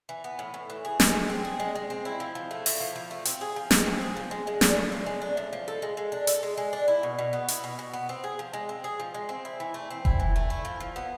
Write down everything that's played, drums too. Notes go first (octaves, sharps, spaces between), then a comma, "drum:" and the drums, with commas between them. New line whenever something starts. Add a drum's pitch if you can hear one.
E3
B3
A2
A2
E3
G#4
G#3, drum: snare
G#3
C4
G#4
G#3
G#3
C4
E4
F3
F3
A3
E4, drum: open hi-hat
F3
F3
A3
C4, drum: hi-hat
G#4
F3
G#3, drum: snare
C4
G#4
F3
G#3
G#3
D4, drum: snare
A2
F3
G#3
D4
A2
F3
A4
G#3
G#3
D4
A4, drum: hi-hat
G#3
G#3
D4
E4
B2
B2
B3
E4, drum: hi-hat
B2
B2
B3
C4
G#4
F3
G#3
C4
G#4
F3
G#3
C4
E4
E3
A3
C4
E4, drum: kick F1
E3
A3
E4
F3
F3
B3